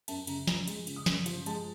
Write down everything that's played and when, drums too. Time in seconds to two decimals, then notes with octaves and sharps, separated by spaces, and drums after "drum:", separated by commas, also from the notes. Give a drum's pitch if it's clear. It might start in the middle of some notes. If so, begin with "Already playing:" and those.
0.08 F#2 A5, drum: cymbal
0.27 C#3 A#5, drum: cymbal
0.47 F3 A#5, drum: snare
0.68 G#3, drum: cymbal
0.87 C#3, drum: cymbal
0.96 D#6
1.06 C#3, drum: snare
1.26 F3, drum: cymbal
1.46 G#3 A5, drum: cymbal